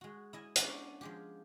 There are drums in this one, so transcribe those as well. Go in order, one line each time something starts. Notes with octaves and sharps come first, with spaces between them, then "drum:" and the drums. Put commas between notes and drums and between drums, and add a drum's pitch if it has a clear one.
G#3 F#4
E4 D#5 G#5
B3 C#4 D4, drum: hi-hat
F3 G#3 G4